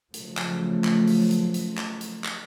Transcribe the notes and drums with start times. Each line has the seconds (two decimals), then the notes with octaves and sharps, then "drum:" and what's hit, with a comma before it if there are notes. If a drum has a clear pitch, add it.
0.14 C#3 F3 F#3 A3, drum: hi-hat
0.37 drum: clap
0.84 drum: clap
1.08 drum: open hi-hat
1.31 drum: hi-hat
1.54 drum: hi-hat
1.78 drum: clap
2.01 drum: hi-hat
2.24 drum: clap